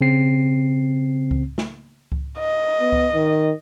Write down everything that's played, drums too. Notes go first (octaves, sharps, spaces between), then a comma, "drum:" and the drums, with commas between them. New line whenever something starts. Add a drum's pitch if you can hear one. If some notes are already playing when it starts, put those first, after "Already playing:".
C#3 C4 C7
drum: kick C#2
drum: snare
drum: kick C#2
D#5
B3
drum: kick C#2
D#3